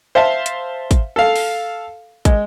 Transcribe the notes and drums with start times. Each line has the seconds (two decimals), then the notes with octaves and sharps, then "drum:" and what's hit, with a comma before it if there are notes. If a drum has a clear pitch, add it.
0.15 C5 E5 F5 A5
0.46 drum: hi-hat
0.91 drum: kick, hi-hat
1.16 A4 F5
1.36 drum: open hi-hat
2.25 G#3, drum: kick, hi-hat